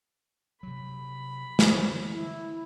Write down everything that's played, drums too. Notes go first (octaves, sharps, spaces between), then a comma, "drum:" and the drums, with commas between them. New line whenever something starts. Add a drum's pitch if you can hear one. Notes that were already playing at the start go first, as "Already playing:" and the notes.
C3 F#3 B5
D3 E3, drum: snare
E4